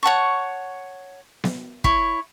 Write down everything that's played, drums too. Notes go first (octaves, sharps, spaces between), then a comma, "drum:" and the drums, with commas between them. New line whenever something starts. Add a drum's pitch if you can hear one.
C#5 F#5 A5 C#6
drum: snare B3
E4 C#5, drum: kick